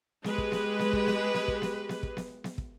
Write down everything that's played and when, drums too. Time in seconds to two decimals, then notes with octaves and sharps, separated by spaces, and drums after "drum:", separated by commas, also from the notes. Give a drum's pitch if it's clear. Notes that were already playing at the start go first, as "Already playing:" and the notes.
0.24 G#3 G4 B4, drum: snare B3
0.38 drum: kick
0.52 drum: snare B3
0.79 drum: snare B3
0.93 drum: kick
1.07 drum: snare B3
1.34 drum: snare B3
1.48 drum: kick
1.62 drum: snare B3
1.89 drum: snare B3
2.03 drum: kick
2.17 drum: snare B3
2.44 drum: snare B3
2.58 drum: kick